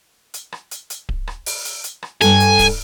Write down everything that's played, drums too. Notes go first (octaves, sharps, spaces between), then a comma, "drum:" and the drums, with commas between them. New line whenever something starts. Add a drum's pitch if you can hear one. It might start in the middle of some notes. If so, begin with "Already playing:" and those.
drum: hi-hat
drum: rim click
drum: hi-hat
drum: hi-hat
drum: kick D1
drum: rim click
drum: open hi-hat
drum: hi-hat
drum: hi-hat
drum: rim click
G2 A4 G#5, drum: hi-hat
drum: hi-hat
drum: kick D1, open hi-hat